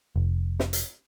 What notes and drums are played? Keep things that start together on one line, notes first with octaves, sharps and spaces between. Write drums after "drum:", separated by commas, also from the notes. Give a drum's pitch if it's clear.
F1
drum: snare
drum: hi-hat